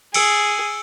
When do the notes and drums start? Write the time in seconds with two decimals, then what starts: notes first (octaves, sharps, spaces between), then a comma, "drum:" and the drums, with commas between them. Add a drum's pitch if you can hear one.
0.14 G#4 E6 C#7 D7, drum: cymbal